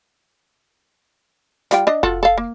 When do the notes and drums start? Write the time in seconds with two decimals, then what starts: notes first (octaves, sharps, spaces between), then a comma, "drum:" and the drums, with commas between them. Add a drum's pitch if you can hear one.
1.71 G3 F4 G5, drum: snare
1.87 D4 D#5
2.03 F4 F#4 A4, drum: kick F1
2.23 A4 F5
2.38 A#3